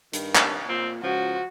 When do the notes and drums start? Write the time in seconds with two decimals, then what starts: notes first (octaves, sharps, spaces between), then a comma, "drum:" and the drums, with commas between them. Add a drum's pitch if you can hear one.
0.13 G2 D#3, drum: hi-hat
0.35 drum: clap
0.69 A#2 C4
1.03 C#2 F3 F#4